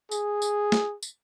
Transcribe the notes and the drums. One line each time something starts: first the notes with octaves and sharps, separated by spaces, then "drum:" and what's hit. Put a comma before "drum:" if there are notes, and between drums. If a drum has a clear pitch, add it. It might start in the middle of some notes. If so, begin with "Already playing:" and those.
G#4, drum: tambourine
drum: tambourine
drum: snare
drum: tambourine